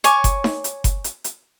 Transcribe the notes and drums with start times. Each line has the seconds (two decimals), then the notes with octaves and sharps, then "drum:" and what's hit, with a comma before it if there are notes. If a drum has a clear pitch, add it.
0.04 C#5 G#5 C#6 D6, drum: hi-hat
0.24 drum: kick F#1, hi-hat
0.44 drum: snare D#4
0.64 drum: hi-hat
0.84 drum: kick F#1, hi-hat
1.04 drum: hi-hat
1.24 drum: hi-hat